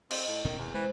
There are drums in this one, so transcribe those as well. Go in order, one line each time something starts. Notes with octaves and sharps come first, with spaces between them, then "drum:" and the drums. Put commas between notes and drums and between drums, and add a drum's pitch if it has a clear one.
C4 D#5, drum: cymbal
A2
D#1 B2 D#3 C#4
E2
E3 G#3 C5